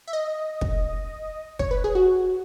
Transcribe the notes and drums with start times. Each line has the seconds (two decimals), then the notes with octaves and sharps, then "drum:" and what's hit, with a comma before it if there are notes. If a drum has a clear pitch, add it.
0.07 E5
0.13 D#5
0.61 drum: kick
1.59 C#5, drum: kick
1.71 B4
1.84 G#4
1.95 F#4